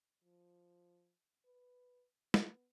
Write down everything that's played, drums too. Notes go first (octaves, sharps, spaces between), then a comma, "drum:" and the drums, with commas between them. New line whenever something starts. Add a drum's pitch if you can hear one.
F3
B4
B3, drum: snare